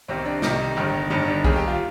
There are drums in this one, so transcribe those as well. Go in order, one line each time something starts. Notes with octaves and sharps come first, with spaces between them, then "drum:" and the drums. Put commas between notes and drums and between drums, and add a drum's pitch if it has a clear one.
C2 C3 D#3 C4
D4
C2 C3 D#3 D#4, drum: snare
G1 G2 D#3
G1 G2 D#3 D#4
D4
D#2 D#3 G#4, drum: kick B1
G4
F4